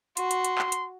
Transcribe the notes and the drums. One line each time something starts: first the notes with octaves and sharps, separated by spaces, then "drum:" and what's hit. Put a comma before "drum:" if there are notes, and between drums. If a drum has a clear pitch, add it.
F#4 C6, drum: hi-hat
drum: hi-hat
drum: hi-hat
drum: clap
drum: hi-hat